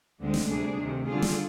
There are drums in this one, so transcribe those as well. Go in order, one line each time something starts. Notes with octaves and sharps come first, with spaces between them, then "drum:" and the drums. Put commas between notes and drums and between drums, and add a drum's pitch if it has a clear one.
D2 D3 G#3 C4
drum: snare
D2 C3 G3 D4 G#4
D2 C3 D#3
D3 G3 D4 F4 G#4
drum: snare